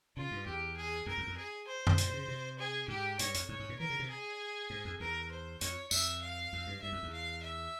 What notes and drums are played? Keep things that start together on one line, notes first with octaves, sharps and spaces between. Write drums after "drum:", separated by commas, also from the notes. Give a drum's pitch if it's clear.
C#3 F4
G2
E2 G4
G#4
F2 A#4
E2
F2
G#4
C5
drum: tom F#2
A#2, drum: hi-hat
C#3
C3
G#4
G#2 G4
G2 C#5, drum: hi-hat
F2, drum: hi-hat
G#2 C#5
G#2
A#2
E3 A#4
C#3
C3
G#4
G#2
F2
E2 A#4
C5
F2 C#5, drum: hi-hat
F2 E5, drum: tambourine
F5
F2
G2
G2 E5
F2
E2
F5
E5